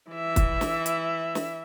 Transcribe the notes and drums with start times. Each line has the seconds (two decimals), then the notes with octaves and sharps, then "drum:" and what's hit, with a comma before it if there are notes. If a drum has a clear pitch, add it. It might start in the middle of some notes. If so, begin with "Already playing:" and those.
0.11 E3 E5
0.36 drum: kick, hi-hat
0.61 drum: snare
0.86 drum: hi-hat
1.35 drum: snare